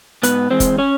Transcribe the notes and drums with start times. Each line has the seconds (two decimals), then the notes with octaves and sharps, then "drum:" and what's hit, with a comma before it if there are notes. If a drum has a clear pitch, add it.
0.23 G#2 B3 B4, drum: hi-hat
0.50 E3 G#3 C4 C5
0.60 drum: kick F1, hi-hat
0.78 C#4 C#5